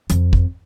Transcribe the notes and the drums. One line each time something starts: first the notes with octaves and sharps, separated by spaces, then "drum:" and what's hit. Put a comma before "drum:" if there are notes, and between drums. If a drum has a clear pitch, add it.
F2, drum: hi-hat
drum: kick